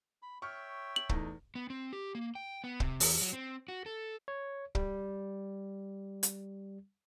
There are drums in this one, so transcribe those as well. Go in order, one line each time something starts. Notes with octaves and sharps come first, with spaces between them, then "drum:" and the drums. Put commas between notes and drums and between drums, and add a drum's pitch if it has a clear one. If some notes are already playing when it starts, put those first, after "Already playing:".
B5
C#5 E5 G5 C#6 F6
F#7
E2 A3 D#4, drum: kick
B3
C4
G4
A#3
G5
B3
C3, drum: kick
E2, drum: open hi-hat
F#3
C4
F#4
A4
C#5
G3, drum: kick
drum: hi-hat